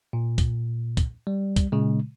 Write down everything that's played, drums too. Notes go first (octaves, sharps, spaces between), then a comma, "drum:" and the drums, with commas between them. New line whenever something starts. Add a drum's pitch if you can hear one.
A#2
drum: kick, hi-hat
drum: kick, hi-hat
G3
drum: kick, hi-hat
A#2 C#3 G#3